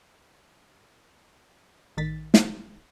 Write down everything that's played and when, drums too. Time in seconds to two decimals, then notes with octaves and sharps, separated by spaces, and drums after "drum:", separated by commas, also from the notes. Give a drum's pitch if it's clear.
1.97 A1 D#3 A6 B6
2.34 drum: snare